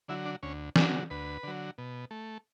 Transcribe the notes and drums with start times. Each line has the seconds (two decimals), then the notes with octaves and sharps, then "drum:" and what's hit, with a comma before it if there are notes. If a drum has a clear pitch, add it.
0.08 D3 F#3 E4
0.26 D4
0.43 D2 C#4
0.76 D3 F#3 D4, drum: snare
1.10 D2 B4
1.43 D3 F#3
1.78 B2
2.11 A3